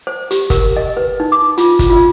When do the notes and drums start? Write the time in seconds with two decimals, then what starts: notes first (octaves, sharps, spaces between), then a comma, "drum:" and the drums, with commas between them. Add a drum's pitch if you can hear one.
0.07 C5
0.31 G4, drum: hi-hat
0.50 A#4, drum: kick G1, hi-hat
0.76 D#5
0.97 B4
1.20 D#4
1.32 D6
1.58 F4, drum: hi-hat
1.79 drum: kick G1, hi-hat
1.90 F4